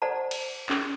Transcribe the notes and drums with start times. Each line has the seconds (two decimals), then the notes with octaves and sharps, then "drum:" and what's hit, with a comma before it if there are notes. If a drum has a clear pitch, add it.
0.02 A4 C5 D5 F#5 A5 A#5
0.31 drum: cymbal
0.70 C#4 G#4 A4, drum: clap